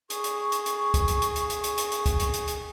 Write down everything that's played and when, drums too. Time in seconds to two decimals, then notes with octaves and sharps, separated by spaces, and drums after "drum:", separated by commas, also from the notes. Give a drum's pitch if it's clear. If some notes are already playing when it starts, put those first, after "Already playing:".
0.10 G#4 C#6, drum: hi-hat
0.24 drum: hi-hat
0.52 drum: hi-hat
0.66 drum: hi-hat
0.94 drum: kick, hi-hat
1.08 drum: hi-hat
1.22 drum: hi-hat
1.36 drum: hi-hat
1.50 drum: hi-hat
1.64 drum: hi-hat
1.78 drum: hi-hat
1.92 drum: hi-hat
2.06 drum: kick, hi-hat
2.20 drum: hi-hat
2.34 drum: hi-hat
2.48 drum: hi-hat